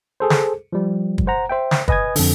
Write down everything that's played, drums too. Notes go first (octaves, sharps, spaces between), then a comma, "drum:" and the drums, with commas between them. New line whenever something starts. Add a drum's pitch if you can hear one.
G#4 A4 C5
drum: snare
F3 G3
drum: kick
C5 F#5 A#5
C5 E5 G5
drum: snare
B4 D#5 G#5 D#6 G#6, drum: kick
F2 D3, drum: open hi-hat